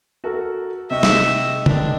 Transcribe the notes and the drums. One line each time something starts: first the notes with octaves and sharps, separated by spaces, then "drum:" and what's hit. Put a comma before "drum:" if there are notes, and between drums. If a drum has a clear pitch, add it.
F#4 A4 A#4
C3 D#4 D#5 E5 C#6
drum: snare
D#3 G#3 D4, drum: tom